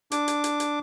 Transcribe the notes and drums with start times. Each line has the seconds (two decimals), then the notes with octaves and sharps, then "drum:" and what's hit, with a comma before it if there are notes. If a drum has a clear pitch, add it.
0.12 D4 D6, drum: hi-hat
0.28 drum: hi-hat
0.44 drum: hi-hat
0.60 drum: hi-hat